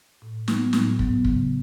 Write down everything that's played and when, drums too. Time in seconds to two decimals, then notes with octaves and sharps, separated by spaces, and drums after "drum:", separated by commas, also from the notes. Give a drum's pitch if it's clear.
0.22 A2
0.48 F#3 B3, drum: snare
0.73 A2, drum: snare
0.99 F#3 B3, drum: kick
1.24 C#3, drum: kick